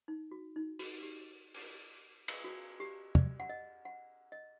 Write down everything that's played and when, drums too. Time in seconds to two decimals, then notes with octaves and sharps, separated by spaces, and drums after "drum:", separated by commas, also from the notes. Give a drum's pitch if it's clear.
0.08 D#4
0.31 F#4
0.56 D#4
0.79 F#4, drum: open hi-hat
1.02 G4
1.54 drum: open hi-hat
2.28 drum: cymbal
2.44 F#4
2.80 G4
3.15 D5, drum: tom
3.40 F#5
3.49 D#5
3.85 F#5
4.32 D#5